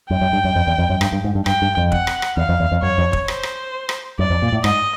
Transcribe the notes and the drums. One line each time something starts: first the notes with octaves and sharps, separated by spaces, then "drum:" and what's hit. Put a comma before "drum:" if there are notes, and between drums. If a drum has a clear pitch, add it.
F#2 G5
F#2
G2
F#2
F2
E2
F2
F#2
G2, drum: rim click
G2
G#2
G2
G2 G5, drum: rim click
G2
F2
F#5, drum: kick
drum: rim click
drum: rim click
E2 F5
F2
E2
F2
F#2 C#5
F2
drum: kick
C5, drum: rim click
drum: rim click
drum: rim click
F#2 D5
F2
A#2
A2
G#2 D#5, drum: rim click